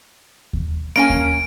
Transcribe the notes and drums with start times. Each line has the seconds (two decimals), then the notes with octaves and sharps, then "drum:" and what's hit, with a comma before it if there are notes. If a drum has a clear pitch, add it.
0.53 drum: kick D#2
0.96 A#3 C#4 G#5 D7
1.10 drum: kick D#2